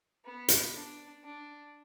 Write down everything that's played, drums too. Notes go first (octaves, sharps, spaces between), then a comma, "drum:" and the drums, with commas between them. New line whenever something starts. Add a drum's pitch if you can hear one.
B3
drum: hi-hat
D4
D4